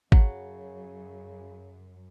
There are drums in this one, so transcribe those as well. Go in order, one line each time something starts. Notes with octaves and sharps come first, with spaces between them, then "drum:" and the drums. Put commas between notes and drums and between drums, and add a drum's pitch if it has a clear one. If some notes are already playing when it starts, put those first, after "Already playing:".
F#2 C#3 F#3, drum: kick G#1